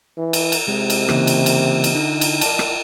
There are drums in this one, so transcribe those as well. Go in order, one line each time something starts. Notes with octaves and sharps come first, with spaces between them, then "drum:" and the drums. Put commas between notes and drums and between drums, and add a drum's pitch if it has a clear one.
E3
drum: cymbal
drum: cymbal
C3 G#3
drum: cymbal
C#3 E3 A#3, drum: rim click
drum: cymbal
drum: cymbal
drum: cymbal
D3 D#4
drum: cymbal
A#4 D5 A5, drum: cymbal
drum: rim click